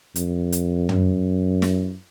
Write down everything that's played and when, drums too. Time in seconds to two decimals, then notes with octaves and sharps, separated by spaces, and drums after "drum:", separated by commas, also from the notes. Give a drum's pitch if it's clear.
0.16 F2, drum: hi-hat
0.52 drum: hi-hat
0.89 F#2, drum: tom
1.62 drum: snare